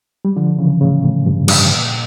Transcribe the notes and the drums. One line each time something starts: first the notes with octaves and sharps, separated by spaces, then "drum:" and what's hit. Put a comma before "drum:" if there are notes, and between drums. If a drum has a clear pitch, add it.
G3
D3 F3
C#3 E3
A2 C#3
A2
G2
G2, drum: cymbal
A#2